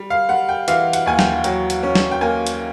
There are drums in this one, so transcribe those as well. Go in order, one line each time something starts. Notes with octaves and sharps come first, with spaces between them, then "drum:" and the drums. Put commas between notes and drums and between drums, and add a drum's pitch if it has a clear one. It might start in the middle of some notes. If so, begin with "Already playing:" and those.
Already playing: G3
F5
G3 F#5
G5
E3 F5, drum: hi-hat
F#5, drum: hi-hat
D#2 G#5
G5, drum: snare
F#3 G5, drum: hi-hat
drum: hi-hat
C#4
drum: snare
G5
A#3 G#5
drum: hi-hat